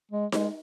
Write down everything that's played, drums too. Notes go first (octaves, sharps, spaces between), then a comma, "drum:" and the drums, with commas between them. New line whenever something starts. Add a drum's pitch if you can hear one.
G#3
G#3, drum: snare D#4